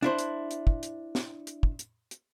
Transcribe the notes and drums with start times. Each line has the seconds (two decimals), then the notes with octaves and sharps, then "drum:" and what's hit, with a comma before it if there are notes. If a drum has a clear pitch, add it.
0.02 D4 E4 C5
0.19 drum: hi-hat
0.51 drum: hi-hat
0.67 drum: kick
0.83 drum: hi-hat
1.15 drum: snare
1.47 drum: hi-hat
1.63 drum: kick
1.79 drum: hi-hat
2.11 drum: hi-hat